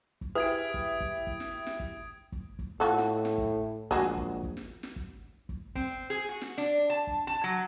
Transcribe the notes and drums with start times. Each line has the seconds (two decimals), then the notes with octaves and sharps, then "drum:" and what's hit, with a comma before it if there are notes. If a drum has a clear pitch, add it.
0.21 drum: kick
0.35 E4 G4 G#4 B4 D#6 G#6 D7
0.74 drum: kick
1.01 drum: kick
1.27 drum: kick
1.40 drum: snare
1.67 drum: snare
1.80 drum: kick
2.32 drum: kick
2.59 drum: kick
2.80 A2 F4 F#4 A4
2.98 drum: snare
3.25 drum: snare
3.38 drum: kick
3.91 A#1 G#3 F#4 G#4, drum: kick
4.17 drum: kick
4.44 drum: kick
4.57 drum: snare
4.83 drum: snare
4.96 drum: kick
5.49 drum: kick
5.75 C4, drum: kick
6.10 G#4
6.29 F#4
6.41 drum: snare
6.58 D4
6.90 A5
7.07 drum: kick
7.27 A5
7.44 F#3